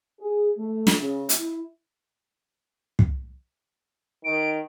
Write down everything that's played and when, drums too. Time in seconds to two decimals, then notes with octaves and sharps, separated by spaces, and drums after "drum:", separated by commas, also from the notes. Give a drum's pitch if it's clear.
0.20 G#4
0.58 A3
0.87 drum: snare
1.00 C#3
1.29 drum: hi-hat
1.38 E4
2.99 drum: kick
4.25 D#3 D7